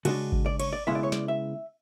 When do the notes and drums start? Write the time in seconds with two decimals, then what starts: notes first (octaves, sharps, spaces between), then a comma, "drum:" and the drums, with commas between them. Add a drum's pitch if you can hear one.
0.05 C#3 G#3 D4 F#4, drum: cymbal
0.32 drum: kick G#1
0.46 D5
0.60 C#5, drum: cymbal
0.73 D5
0.87 C#3 G#3 B3 E4 E5
0.95 D5
1.03 C#5
1.12 D5, drum: snare
1.28 E5